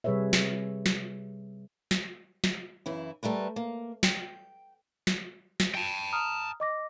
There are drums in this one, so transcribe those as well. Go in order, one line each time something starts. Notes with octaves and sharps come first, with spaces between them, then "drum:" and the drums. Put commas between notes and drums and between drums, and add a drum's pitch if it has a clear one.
C3 G3 G#4 B4 C#5 E5
drum: snare
drum: snare
drum: snare
drum: snare
F#2 C#3 E3 E4
G3 A3 A#4 B4
A#3
G5, drum: snare
drum: snare
drum: snare
G5 A5
A#5 D#6 F6
D#5 D6 A#6